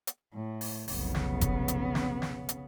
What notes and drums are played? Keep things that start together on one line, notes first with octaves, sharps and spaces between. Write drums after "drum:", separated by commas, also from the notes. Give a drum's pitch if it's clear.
drum: hi-hat
A2
drum: open hi-hat
F1 B1 C#3 B3, drum: open hi-hat
drum: snare
drum: kick F#1, hi-hat
drum: hi-hat
drum: snare
drum: snare
drum: hi-hat